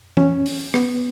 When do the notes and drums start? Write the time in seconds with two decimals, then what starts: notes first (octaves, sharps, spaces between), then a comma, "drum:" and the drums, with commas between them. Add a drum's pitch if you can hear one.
0.17 C#4, drum: tom
0.46 drum: open hi-hat
0.74 B3, drum: rim click